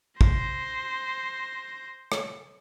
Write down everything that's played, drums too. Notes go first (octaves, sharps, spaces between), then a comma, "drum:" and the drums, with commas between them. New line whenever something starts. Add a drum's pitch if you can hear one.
C5 A#6, drum: kick
drum: rim click